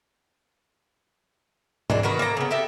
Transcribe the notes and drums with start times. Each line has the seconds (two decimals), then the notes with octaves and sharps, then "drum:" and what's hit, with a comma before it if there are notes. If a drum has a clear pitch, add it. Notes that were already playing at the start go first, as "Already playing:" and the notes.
1.90 E3 G#3 A#3 D4, drum: tom G#2
2.03 D#3 F#4 A#4 B4
2.19 A#3 A4 A#5
2.37 C#3 B3
2.51 G4 A4 E5